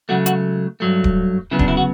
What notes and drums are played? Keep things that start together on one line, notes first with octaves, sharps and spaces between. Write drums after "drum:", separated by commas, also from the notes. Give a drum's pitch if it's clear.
C#2 C#3 F#3 A3 F#4
F#4, drum: hi-hat
G2 F#3 A3
drum: kick D1
D2 C#3 F#3 B3 E4
D4, drum: kick D1
E4
F#4